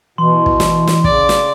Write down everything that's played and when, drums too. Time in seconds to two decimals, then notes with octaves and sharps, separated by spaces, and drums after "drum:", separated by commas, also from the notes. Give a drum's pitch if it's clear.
0.18 B2 E3 C6
0.46 drum: kick
0.60 drum: snare
0.87 drum: snare
1.04 C#3 D5, drum: kick
1.29 drum: snare